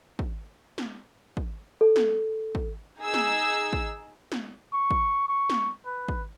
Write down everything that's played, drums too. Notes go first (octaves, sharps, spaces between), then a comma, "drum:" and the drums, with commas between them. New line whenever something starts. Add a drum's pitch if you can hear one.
drum: kick
drum: snare
drum: kick
A4
drum: snare
drum: kick
D#4 G#4 E6
drum: snare
drum: kick
drum: snare
C#6
drum: kick
C#6
drum: snare
B4
drum: kick